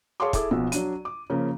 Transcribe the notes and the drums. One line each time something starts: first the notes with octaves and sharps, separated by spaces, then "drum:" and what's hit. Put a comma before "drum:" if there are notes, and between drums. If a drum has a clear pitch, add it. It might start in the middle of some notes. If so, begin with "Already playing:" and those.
G#4 C#5 F5 A5 C6 D6
E4 G#4 A4 D6, drum: kick, hi-hat
B1 B2 F3 E6
F#3 D4 D#7, drum: hi-hat
D6
C#3 F3 A#3